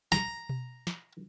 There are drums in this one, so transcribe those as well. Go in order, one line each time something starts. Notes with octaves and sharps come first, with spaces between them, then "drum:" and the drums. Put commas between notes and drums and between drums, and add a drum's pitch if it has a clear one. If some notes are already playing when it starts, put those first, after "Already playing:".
A#5, drum: snare
drum: tom B2
drum: snare